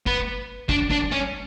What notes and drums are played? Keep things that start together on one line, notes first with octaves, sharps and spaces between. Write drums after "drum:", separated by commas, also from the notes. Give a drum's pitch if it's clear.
B3, drum: kick
D4, drum: kick
D4, drum: kick
C#4